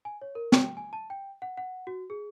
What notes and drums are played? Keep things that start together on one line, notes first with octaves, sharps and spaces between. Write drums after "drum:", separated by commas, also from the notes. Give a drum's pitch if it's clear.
G#5
C#5
A#4
G5, drum: snare
G#5
A5
G5
F#5
F#5
F#4
G#4